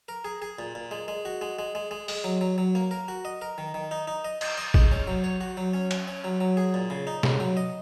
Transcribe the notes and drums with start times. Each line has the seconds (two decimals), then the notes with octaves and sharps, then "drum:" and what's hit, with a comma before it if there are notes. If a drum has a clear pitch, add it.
0.08 A#4
0.25 G#4
0.42 G#4
0.59 A#2
0.75 A#2
0.91 G#3
1.08 G#3
1.25 F#4
1.41 G#3
1.59 G#3
1.75 G#3
1.91 G#3
2.08 G#3, drum: open hi-hat
2.24 F#3
2.41 F#3
2.58 F#3
2.75 A#3
2.91 A#4
3.08 F#4
3.25 D#5
3.42 A#4
3.58 D#3
3.74 D#3
3.91 D#4
4.07 D#4
4.25 D#5
4.41 D#5, drum: cymbal
4.57 D#5
4.74 G#3, drum: kick A1
4.92 C#4
5.07 F#3
5.24 C#5
5.41 F#4
5.57 F#3
5.74 C#4
5.91 C#4, drum: cymbal
6.08 C#4
6.24 F#3
6.41 F#3
6.57 G#4
6.74 A#2
6.90 C#3
7.07 D#4
7.23 C#3, drum: snare
7.40 F#3
7.57 D#5